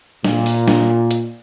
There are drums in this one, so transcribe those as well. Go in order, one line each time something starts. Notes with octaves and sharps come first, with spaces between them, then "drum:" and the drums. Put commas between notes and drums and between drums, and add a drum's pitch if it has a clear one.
A#2, drum: snare
drum: open hi-hat
drum: snare
drum: hi-hat